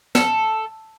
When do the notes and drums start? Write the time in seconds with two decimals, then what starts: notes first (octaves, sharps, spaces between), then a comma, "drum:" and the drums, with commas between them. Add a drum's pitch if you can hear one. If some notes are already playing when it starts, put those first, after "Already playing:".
0.15 A4, drum: snare